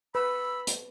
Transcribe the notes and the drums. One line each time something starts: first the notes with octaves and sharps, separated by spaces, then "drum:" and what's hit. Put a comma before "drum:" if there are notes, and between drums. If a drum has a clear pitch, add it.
B4 B5 E6
drum: hi-hat